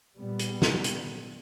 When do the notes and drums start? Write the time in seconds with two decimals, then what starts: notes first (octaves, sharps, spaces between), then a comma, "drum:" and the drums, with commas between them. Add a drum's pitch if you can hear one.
0.17 A#2 G3 B3
0.39 drum: hi-hat
0.62 drum: snare
0.84 drum: hi-hat